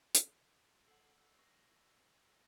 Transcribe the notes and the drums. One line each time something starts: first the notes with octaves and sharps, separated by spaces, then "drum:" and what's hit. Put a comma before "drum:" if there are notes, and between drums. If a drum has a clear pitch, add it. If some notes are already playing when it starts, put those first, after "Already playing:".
drum: hi-hat
A4 F#5 E6 C7 F#7
C#6 A#6